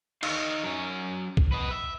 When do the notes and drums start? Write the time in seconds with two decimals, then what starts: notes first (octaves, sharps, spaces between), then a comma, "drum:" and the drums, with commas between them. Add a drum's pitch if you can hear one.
0.23 D#4 F5, drum: cymbal
0.63 F#3 C#4
1.37 drum: kick B1
1.52 B4 D#5
1.71 E5